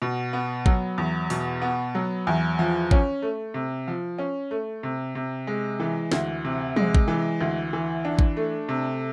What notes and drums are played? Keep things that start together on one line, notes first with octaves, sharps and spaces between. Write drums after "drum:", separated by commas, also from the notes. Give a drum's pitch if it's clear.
B2
B3
F#3, drum: kick G#1
E2
B2, drum: open hi-hat
B3
F#3
E2
F3
C#4, drum: kick G#1
A3
C3
F3
C#4
A3
C3
C3
G#3
E3
D2, drum: snare
C3
G#3, drum: tom
drum: kick G#1
E3
D2
E3
D4
drum: kick G#1
A3
C3